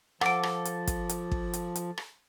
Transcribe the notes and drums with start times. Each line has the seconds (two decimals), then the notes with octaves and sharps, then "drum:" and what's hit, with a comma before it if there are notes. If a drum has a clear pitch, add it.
0.21 F3 A4 F#5 D6 D7, drum: rim click
0.43 drum: rim click
0.65 drum: hi-hat
0.87 drum: kick, hi-hat
1.09 drum: hi-hat
1.31 drum: kick
1.53 drum: hi-hat
1.76 drum: hi-hat
1.98 drum: rim click